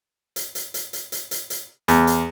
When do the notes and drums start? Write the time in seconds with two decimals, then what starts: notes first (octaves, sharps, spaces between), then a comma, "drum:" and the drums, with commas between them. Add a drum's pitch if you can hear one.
0.36 drum: hi-hat
0.55 drum: hi-hat
0.74 drum: hi-hat
0.93 drum: hi-hat
1.12 drum: hi-hat
1.31 drum: hi-hat
1.50 drum: hi-hat
1.88 E2, drum: hi-hat
2.07 drum: hi-hat